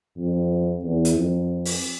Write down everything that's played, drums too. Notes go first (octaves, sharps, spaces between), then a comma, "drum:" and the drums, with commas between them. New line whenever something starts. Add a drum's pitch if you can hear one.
F2
E2
drum: hi-hat
F2
drum: open hi-hat